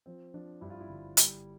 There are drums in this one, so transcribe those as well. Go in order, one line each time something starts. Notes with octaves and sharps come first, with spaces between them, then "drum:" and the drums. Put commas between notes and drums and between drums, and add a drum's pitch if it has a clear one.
F3 C4
F3 D4
G2 E4
F4
E4
G1
G3, drum: hi-hat